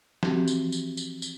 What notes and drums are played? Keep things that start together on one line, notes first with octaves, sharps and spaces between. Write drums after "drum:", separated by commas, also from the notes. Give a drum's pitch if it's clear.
E3 F3 C4 F#4 G4, drum: snare
drum: tambourine
drum: tambourine
drum: tambourine
drum: tambourine